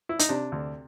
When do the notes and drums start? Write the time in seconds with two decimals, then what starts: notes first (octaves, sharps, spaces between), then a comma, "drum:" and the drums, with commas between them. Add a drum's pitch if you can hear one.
0.09 E4
0.19 D#4, drum: hi-hat
0.29 C3 D4
0.52 D2